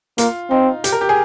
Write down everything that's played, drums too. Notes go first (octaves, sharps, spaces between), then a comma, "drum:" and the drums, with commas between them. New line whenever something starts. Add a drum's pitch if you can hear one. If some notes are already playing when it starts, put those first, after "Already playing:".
A#3 F4, drum: hi-hat
C4 D#4
G4, drum: hi-hat
A#4
G4
G#4